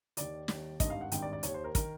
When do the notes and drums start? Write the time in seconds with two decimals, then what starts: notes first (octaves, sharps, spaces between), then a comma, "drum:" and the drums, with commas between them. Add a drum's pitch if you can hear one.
0.17 D#2 D#3 D5, drum: hi-hat
0.48 D#2 D#3, drum: snare
0.80 G#1 G2 D#3 D#5, drum: kick, hi-hat
0.90 F5
1.01 F#5
1.12 G#1 G2 D#3 G5, drum: hi-hat
1.22 D5
1.33 D5
1.43 D#2 D#3 C#5, drum: hi-hat
1.54 C5
1.64 A#4
1.75 D#3 A#4, drum: kick, hi-hat